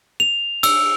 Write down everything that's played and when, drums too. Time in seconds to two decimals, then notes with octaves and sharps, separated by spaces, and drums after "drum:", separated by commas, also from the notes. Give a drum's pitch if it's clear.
0.20 F7
0.63 E6, drum: cymbal